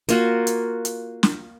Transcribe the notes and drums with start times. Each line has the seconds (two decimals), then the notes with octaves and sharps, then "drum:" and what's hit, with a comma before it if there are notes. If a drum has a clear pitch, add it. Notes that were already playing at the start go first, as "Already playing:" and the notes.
0.09 A#3 F4 F#4, drum: hi-hat
0.47 drum: hi-hat
0.85 drum: hi-hat
1.23 drum: snare